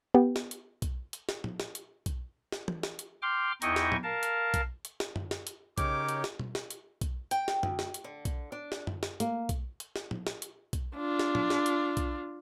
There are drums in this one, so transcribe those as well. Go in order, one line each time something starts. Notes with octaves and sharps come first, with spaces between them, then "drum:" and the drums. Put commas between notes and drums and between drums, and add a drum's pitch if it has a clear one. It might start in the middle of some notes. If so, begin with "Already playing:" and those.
B3 G4
drum: snare
drum: hi-hat
drum: kick B1, hi-hat
drum: hi-hat
drum: snare
drum: tom
drum: snare
drum: hi-hat
drum: kick B1, hi-hat
drum: snare
drum: tom
drum: snare
drum: hi-hat
G5 C6 D6 F6
E2 D#4 E4 D#5 G5 C#6, drum: hi-hat
drum: snare
drum: tom
A#4 F5 A5
drum: hi-hat
drum: kick B1, hi-hat
drum: hi-hat
drum: snare
drum: tom F#2
drum: snare
drum: hi-hat
C#3 D#4 G4 A#4 C#5 D6, drum: kick B1, hi-hat
drum: hi-hat
drum: snare
drum: tom
drum: snare
drum: hi-hat
drum: kick B1, hi-hat
G5, drum: hi-hat
drum: snare
D2, drum: tom F#2
drum: snare
drum: hi-hat
D3
drum: kick B1, hi-hat
D4
drum: snare
drum: tom F#2
drum: snare
A#3, drum: hi-hat
drum: kick B1, hi-hat
drum: hi-hat
drum: snare
drum: tom
drum: snare
drum: hi-hat
drum: kick B1, hi-hat
D4 F4
drum: snare
drum: tom
drum: snare
drum: hi-hat
drum: kick B1, hi-hat